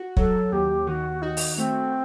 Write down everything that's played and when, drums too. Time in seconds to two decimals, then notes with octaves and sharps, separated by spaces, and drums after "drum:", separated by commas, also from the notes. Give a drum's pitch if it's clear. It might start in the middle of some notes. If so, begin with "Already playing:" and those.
Already playing: F#4
0.17 F#3 A4, drum: kick
0.52 D#2 G4
0.87 D#3 F#4
1.22 D#4 F#4
1.37 drum: open hi-hat
1.58 A3 C4